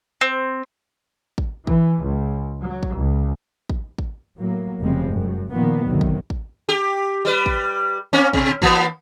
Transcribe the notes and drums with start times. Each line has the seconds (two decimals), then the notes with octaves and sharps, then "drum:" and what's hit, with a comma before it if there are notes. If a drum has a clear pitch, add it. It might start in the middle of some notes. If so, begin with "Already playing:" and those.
0.21 C4
1.38 drum: kick
1.67 E3, drum: kick
2.02 C#2
2.60 F#3
2.83 drum: kick
2.96 C#2
3.70 drum: kick
3.98 drum: kick
4.38 A2 F#3 A#3
4.81 F1 C#3 F3 G3 G#3 C4
5.10 F#2
5.53 A#2 D#3 F3 A#3 B3
5.86 F#1 D2 C3 D#3 F#3
6.01 drum: kick
6.30 drum: kick
6.69 G4
7.25 G3 B4
7.46 drum: kick
8.13 A#3 C4 C#4
8.33 B2, drum: kick
8.62 E3 A#3 B3, drum: kick